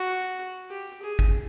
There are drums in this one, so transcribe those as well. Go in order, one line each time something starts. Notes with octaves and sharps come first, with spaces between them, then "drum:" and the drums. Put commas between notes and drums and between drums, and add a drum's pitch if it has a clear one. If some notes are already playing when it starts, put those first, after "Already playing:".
Already playing: F#4
G4
G#4
drum: kick G1